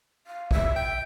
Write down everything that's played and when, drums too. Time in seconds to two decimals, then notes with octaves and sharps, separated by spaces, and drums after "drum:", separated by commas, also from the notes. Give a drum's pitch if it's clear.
0.27 F5
0.51 E5, drum: kick
0.76 G5